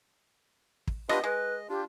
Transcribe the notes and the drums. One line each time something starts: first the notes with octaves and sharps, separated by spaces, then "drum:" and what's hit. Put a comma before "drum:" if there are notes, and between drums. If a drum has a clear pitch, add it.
drum: kick
B3 D4 F4 G4 B4 D#5, drum: rim click
G#3 B4 D#5
D4 F4 G4